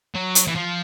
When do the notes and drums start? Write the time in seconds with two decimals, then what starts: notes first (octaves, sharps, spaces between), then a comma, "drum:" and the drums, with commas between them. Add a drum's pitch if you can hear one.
0.15 F#3
0.35 drum: hi-hat
0.47 E3
0.55 F3